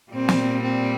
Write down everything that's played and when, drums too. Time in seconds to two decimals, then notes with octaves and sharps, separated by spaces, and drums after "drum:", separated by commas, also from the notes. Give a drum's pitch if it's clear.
0.11 A#2 G3 C4
0.29 drum: snare
0.63 C4